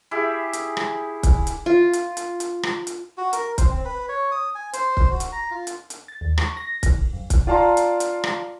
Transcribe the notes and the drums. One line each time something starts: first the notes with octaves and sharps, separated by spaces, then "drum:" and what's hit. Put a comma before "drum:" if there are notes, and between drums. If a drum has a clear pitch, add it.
E4 G4 G#4
drum: hi-hat
drum: rim click
drum: kick, hi-hat
drum: hi-hat
F4
drum: hi-hat
drum: hi-hat
drum: hi-hat
drum: rim click
drum: hi-hat
F#4
A#4, drum: hi-hat
C5, drum: kick, hi-hat
C4
B4
C#5
D#6
G#5
C5, drum: hi-hat
drum: kick
F#4
drum: hi-hat
A#5
F4
drum: hi-hat
drum: hi-hat
A6
D#2
C#6, drum: rim click
A#6
A#1, drum: kick, hi-hat
F#2
drum: kick, hi-hat
F4 D5 F5 A5 A#5 C6
drum: hi-hat
drum: hi-hat
drum: rim click